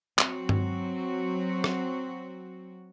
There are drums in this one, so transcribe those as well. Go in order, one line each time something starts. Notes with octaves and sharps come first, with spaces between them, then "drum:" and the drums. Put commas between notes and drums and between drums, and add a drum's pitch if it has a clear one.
F#3 C4 F#4, drum: clap
drum: tom G2
drum: rim click